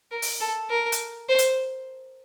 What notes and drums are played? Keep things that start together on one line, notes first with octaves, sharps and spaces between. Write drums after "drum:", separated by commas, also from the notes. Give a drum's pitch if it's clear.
A#4
drum: open hi-hat
A4
A#4
drum: hi-hat
C5
drum: hi-hat